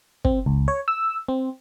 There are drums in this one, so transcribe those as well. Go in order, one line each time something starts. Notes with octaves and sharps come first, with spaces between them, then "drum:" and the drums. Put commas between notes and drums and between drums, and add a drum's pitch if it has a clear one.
C4, drum: kick
C#2
C#5
E6
C4